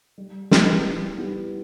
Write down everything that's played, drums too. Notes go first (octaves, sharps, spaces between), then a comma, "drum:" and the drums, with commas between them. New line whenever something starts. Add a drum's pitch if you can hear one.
G3
B3 E4 G4, drum: snare
G3
B3 E4 G4